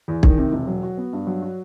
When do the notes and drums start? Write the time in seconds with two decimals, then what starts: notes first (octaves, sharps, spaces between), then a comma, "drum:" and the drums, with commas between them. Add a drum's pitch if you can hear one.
0.08 E2
0.23 D#3, drum: kick
0.38 C3
0.52 E1
0.67 F#3
0.83 F#4
0.97 B3
1.13 G2
1.27 F#3
1.42 F#4